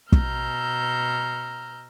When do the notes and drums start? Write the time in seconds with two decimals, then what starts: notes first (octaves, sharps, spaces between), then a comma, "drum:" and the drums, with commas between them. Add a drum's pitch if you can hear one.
0.12 B2 A#5 E6 F6 G6, drum: kick